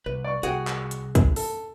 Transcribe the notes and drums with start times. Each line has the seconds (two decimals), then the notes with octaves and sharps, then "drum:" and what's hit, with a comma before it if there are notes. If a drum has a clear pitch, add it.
0.06 C2 B4
0.24 D5 C#6
0.43 C2 F#4 G#4 F#5 G5, drum: hi-hat
0.67 drum: clap
0.91 drum: hi-hat
1.15 drum: kick, hi-hat
1.36 A4, drum: open hi-hat